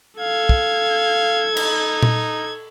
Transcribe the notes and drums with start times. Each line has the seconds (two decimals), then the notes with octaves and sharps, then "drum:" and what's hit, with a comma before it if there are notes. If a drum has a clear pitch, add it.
0.20 A4 F5 G#6
0.49 drum: kick
1.57 D#4, drum: cymbal
2.03 drum: tom A#2